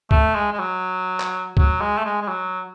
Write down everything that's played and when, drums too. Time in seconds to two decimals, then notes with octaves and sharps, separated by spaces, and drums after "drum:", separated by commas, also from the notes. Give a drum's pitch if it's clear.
0.11 A3, drum: kick
0.35 G#3
0.53 G#3
0.59 F#3
1.20 drum: clap
1.57 F#3, drum: kick
1.81 G#3
1.98 A3
2.05 G#3
2.22 G#3
2.28 F#3